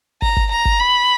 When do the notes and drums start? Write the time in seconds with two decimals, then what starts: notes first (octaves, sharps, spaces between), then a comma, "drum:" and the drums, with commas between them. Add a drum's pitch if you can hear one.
0.22 A#5, drum: kick
0.37 drum: kick
0.51 A#5
0.65 drum: kick
0.80 B5